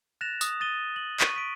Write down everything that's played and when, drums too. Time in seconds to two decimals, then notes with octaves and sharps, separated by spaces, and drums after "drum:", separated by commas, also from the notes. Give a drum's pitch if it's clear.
0.21 F#6 A6 A#6 E7 F7
0.41 D#6, drum: tambourine
0.60 D#6 A6 D#7 G7
0.96 F#7
1.20 C#6 D#7, drum: clap
1.36 B6 D7